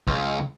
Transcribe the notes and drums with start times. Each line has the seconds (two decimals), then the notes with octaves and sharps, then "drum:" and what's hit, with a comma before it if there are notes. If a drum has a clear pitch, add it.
0.07 C#2, drum: kick